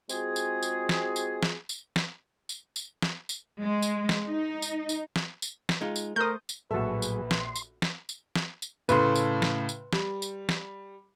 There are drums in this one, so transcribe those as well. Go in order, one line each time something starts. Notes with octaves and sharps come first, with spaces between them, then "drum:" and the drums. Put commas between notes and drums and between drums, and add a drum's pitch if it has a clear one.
G#3 C4 F4 F#4 G#4, drum: tambourine
drum: tambourine
drum: tambourine
drum: snare
drum: tambourine
drum: snare
drum: tambourine
drum: snare
drum: tambourine
drum: tambourine
drum: snare
drum: tambourine
G#3
drum: tambourine
drum: snare
D#4
drum: tambourine
drum: tambourine
drum: snare
drum: tambourine
drum: snare
G#3 D#4 F4
drum: tambourine
A3 A#4 C5 D#6 G6
drum: tambourine
A#1 A2 F#3 F#4 G#4 A4 B4 E5
drum: tambourine
C6, drum: snare
drum: tambourine
drum: snare
drum: tambourine
drum: snare
drum: tambourine
A2 C#3 A3 B4 C6, drum: tambourine
drum: tambourine
drum: snare
drum: tambourine
G3, drum: snare
drum: tambourine
drum: snare